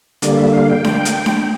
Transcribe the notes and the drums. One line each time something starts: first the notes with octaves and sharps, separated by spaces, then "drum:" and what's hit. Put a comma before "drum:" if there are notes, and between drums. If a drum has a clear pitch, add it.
D3 G3 A#3 D5, drum: hi-hat
E5
F5
G5
drum: snare D4
drum: hi-hat
drum: snare D4